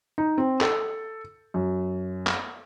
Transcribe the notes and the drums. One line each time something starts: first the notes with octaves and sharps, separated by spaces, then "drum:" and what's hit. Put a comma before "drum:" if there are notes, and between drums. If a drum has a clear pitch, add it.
D#4
C4
A4, drum: clap
F#2
drum: clap